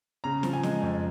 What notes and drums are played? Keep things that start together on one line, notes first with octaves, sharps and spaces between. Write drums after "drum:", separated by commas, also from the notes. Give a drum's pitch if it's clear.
C#3 A#5
F3, drum: snare
G#5
G#3, drum: snare
F2